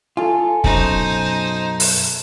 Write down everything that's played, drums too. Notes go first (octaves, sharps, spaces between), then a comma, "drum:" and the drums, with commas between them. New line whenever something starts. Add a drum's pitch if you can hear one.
F4 G#4 A4
F#2 B2 D#4 C5, drum: kick
drum: open hi-hat